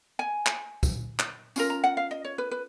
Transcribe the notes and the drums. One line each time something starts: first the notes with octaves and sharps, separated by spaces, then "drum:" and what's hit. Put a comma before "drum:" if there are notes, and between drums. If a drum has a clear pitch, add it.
G#5
drum: clap
drum: kick, tambourine
drum: clap
C#4 F4 A#4, drum: tambourine
A#5
F#5
F5
D#5
C#5
B4
B4